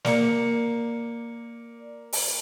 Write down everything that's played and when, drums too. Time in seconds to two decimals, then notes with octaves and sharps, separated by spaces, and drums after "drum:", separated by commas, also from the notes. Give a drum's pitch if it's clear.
0.05 A#3 D5 C#7, drum: snare
2.13 drum: open hi-hat